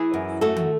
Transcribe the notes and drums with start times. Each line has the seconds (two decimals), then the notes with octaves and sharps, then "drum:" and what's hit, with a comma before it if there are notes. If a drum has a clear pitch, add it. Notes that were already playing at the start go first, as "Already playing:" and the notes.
Already playing: E3 E4 G#4
0.14 F#2
0.41 A3 F#4 A4
0.56 drum: tom